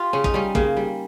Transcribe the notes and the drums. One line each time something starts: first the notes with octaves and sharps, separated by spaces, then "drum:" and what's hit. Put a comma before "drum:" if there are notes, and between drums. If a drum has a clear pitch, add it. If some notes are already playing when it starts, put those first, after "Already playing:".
Already playing: F4 G4
C#3 C#4
D#4, drum: kick
G3 C#4
C#3 A#3, drum: kick
G3